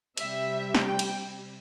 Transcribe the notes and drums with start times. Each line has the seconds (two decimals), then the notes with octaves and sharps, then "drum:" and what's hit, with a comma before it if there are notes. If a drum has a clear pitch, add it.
0.17 C3 G3 E5, drum: cymbal
0.75 drum: snare
0.84 G5
0.99 drum: cymbal